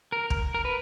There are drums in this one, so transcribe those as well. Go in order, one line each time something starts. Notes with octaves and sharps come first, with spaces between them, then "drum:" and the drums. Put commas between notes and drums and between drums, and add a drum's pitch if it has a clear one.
A#4
drum: kick
A#4
B4